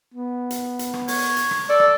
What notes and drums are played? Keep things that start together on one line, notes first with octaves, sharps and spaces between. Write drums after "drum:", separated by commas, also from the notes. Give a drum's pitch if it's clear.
B3
drum: hi-hat
drum: hi-hat
drum: rim click
C#5, drum: open hi-hat
drum: hi-hat
drum: rim click
A4 D5
drum: rim click